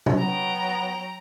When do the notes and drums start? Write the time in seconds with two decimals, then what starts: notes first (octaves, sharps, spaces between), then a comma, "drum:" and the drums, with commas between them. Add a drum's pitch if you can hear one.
0.06 drum: tom B2
0.18 F#3 B3 G5 A#5